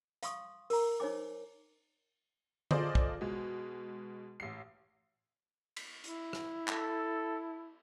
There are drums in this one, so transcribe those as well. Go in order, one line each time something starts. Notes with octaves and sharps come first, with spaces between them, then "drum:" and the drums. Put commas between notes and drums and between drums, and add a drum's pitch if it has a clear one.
F5 C6 C#6 D#6, drum: hi-hat
A#4 A#5, drum: open hi-hat
D#4 C5 C#5 G#5 D6
F4 G#4 A4 C5 D5 D#5, drum: tom D3
drum: kick
B2 G#3
A1 C7
drum: cymbal
E4, drum: hi-hat
drum: rim click
A4, drum: clap